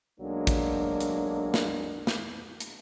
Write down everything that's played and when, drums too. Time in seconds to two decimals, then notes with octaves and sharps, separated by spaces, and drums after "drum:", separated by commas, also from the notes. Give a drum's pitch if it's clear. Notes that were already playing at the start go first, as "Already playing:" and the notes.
0.21 B1 F#3 G#3 A#3 D4
0.47 drum: kick, hi-hat
1.00 drum: hi-hat
1.54 drum: snare
2.07 drum: snare
2.60 drum: hi-hat